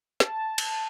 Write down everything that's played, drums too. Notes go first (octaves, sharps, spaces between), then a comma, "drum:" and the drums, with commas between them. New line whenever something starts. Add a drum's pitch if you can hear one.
A5, drum: snare
drum: cymbal